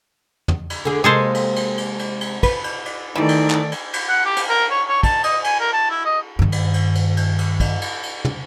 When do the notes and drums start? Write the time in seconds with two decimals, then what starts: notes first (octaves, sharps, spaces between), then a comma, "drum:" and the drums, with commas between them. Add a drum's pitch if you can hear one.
0.48 drum: tom
0.70 drum: cymbal
0.85 D3 G#4
1.04 C3 G#3 A#3 G#4 A4 C5
1.35 drum: cymbal
1.56 drum: cymbal
1.78 drum: cymbal
1.99 drum: cymbal
2.21 drum: cymbal
2.43 B4, drum: kick, cymbal
2.64 drum: cymbal
2.85 drum: cymbal
3.16 D#3 E3 G3 A3 D#4 D5
3.29 drum: cymbal
3.50 drum: clap
3.72 drum: cymbal
3.93 drum: cymbal
4.09 F#5
4.25 G4
4.36 drum: cymbal
4.49 A#4
4.71 C#5
4.88 C#5
5.03 A5, drum: kick, cymbal
5.24 D#5, drum: cymbal
5.44 G#5, drum: cymbal
5.60 A#4
5.73 A5
5.90 E4
6.05 D#5
6.39 G2 D#3
6.52 drum: cymbal
6.74 drum: cymbal
6.95 drum: cymbal
7.17 drum: cymbal
7.38 drum: cymbal
7.60 drum: kick, cymbal
7.82 drum: cymbal
8.03 drum: cymbal
8.25 drum: tom